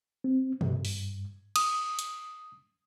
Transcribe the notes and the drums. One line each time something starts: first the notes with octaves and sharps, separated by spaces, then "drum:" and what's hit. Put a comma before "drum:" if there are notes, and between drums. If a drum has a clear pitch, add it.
C4
G2, drum: tom B2
drum: open hi-hat
D#6, drum: cymbal
drum: hi-hat